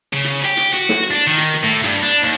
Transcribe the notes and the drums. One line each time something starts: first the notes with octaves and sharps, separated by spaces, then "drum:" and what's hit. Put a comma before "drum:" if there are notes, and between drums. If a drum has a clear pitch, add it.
C#3
drum: hi-hat
G4
drum: hi-hat
F#4, drum: hi-hat
drum: snare
D4
D#3
drum: hi-hat
drum: hi-hat
A2
G2, drum: hi-hat
D4, drum: hi-hat
D#2